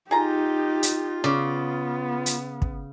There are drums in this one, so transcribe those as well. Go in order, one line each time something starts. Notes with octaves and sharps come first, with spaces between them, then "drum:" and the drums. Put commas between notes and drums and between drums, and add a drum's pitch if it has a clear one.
D#4 F4 G4 G#4 A#5
drum: hi-hat
C#3 B3 D5
drum: hi-hat
drum: kick